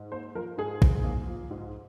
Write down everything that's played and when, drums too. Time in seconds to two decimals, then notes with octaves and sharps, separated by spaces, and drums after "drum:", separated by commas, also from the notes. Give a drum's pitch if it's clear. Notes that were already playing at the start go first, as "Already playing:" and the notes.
Already playing: G#2
0.12 A#3 C5
0.35 F3 A#4
0.58 G#2 G#4
0.82 G#2, drum: kick
1.04 A#3
1.28 F3
1.51 G#2